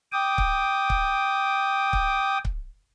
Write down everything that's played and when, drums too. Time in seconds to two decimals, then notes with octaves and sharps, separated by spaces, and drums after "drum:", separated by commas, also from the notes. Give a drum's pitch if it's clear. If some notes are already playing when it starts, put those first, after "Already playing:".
0.12 G5 D6 D#6
0.38 drum: kick C#1
0.90 drum: kick C#1
1.93 drum: kick C#1
2.45 drum: kick C#1